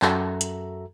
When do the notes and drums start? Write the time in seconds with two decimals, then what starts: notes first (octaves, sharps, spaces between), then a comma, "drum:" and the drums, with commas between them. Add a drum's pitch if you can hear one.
0.02 F#2 F#4 A4 E5 A#5, drum: clap
0.41 drum: hi-hat